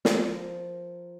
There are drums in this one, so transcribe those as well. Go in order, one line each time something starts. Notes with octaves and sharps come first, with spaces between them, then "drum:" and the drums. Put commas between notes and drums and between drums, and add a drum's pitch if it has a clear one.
F3 A#4, drum: snare